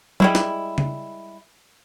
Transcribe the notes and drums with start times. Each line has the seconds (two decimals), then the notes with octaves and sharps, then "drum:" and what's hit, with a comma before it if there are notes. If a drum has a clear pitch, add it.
0.20 G3 G#3 E4, drum: tom F#3
0.35 drum: snare
0.78 drum: tom C#3